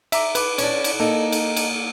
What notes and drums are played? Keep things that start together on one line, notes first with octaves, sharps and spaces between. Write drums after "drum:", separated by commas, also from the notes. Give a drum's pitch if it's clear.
E5 A#5 D6, drum: cymbal
B4 D6, drum: cymbal
C#4 D4, drum: cymbal
drum: cymbal
A#3 D#4 A4
drum: cymbal
drum: cymbal